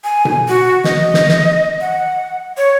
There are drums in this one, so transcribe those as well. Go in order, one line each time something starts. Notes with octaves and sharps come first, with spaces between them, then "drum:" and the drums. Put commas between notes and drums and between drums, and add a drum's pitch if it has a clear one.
G#5
drum: tom B2
F#4
D#5, drum: snare
drum: snare
drum: snare
F#5
C#5